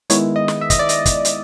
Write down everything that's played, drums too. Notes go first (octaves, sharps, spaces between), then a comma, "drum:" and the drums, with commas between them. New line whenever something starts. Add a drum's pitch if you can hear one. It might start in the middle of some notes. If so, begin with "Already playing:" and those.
D#3 G#3 B3 E4 C#5, drum: hi-hat
D#5
drum: snare
E5
D#5, drum: kick, hi-hat
D5
D#5, drum: hi-hat
drum: kick, hi-hat
drum: hi-hat